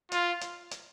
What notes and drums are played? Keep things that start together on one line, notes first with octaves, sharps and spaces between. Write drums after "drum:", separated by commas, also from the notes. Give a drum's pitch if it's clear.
F4, drum: hi-hat
drum: hi-hat
drum: hi-hat